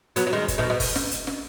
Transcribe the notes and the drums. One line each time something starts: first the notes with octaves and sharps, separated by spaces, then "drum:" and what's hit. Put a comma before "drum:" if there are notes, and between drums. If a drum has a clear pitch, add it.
F#3 B3, drum: hi-hat
F#3
D#3 G#3
drum: kick F#1, hi-hat
B2 D#3
B2
drum: kick F#1, open hi-hat
drum: snare
drum: hi-hat
drum: snare